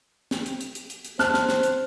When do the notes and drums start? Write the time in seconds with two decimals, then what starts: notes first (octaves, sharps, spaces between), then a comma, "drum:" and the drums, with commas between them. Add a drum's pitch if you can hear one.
0.31 drum: snare
0.46 drum: hi-hat
0.61 drum: hi-hat
0.75 drum: hi-hat
0.90 drum: hi-hat
1.05 drum: hi-hat
1.19 C5 A5 F6 F#6, drum: snare
1.34 drum: snare
1.49 drum: snare
1.63 drum: hi-hat